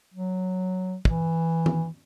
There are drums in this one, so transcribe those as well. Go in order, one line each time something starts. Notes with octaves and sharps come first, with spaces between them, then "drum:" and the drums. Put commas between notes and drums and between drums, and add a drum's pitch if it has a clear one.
F#3
E3, drum: kick
drum: tom D#3